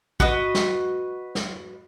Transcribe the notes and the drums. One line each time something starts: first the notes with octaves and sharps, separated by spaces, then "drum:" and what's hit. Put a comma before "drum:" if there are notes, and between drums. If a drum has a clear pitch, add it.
F#4 B4 D#5, drum: kick
drum: snare
drum: snare